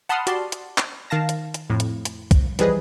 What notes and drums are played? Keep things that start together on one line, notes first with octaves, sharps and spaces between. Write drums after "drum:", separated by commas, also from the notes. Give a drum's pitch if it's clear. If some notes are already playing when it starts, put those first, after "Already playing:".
F#5 A5 B5 C6 D#6 F6
F#4 G4 D5 A5 C6, drum: hi-hat
drum: hi-hat
drum: clap
D#3 F5 A5 A#6
drum: hi-hat
drum: hi-hat
F2 A2
drum: hi-hat
drum: hi-hat
drum: kick, hi-hat
E3 F3 G3 G#4 B4 D#5, drum: hi-hat